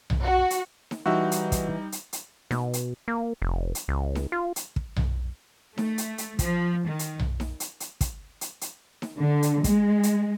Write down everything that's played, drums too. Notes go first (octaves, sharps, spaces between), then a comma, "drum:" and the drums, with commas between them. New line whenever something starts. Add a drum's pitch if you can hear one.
drum: tom B1
F#4
drum: hi-hat
drum: snare D#4
E3 G3 D#4 F#4 E5
drum: hi-hat
drum: kick, hi-hat
drum: hi-hat
drum: hi-hat
B2, drum: snare D#4
drum: hi-hat
A#3
F1
drum: hi-hat
C#2
drum: snare D#4
F4
drum: hi-hat
drum: kick
drum: tom B1
A3, drum: snare D#4
drum: hi-hat
drum: hi-hat
F3, drum: kick, hi-hat
D#3
drum: hi-hat
drum: tom B1
drum: snare D#4
drum: hi-hat
drum: hi-hat
drum: kick, hi-hat
drum: hi-hat
drum: hi-hat
drum: snare D#4
D3
drum: hi-hat
G#3, drum: kick, hi-hat
drum: hi-hat